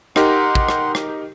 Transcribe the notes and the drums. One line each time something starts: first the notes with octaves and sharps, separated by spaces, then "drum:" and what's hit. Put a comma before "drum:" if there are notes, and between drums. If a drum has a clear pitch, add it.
D#4 G4 A#4 F#5 C6, drum: rim click
drum: kick
drum: rim click
drum: rim click